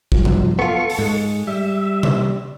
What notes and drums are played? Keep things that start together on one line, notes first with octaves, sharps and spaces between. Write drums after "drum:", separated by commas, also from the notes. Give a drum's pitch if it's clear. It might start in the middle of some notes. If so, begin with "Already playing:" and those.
G2 F3 F#3, drum: kick
drum: tom C3
B3 F4 A4 C#6
drum: open hi-hat
G#2 G#3
G3 E5
drum: tom C3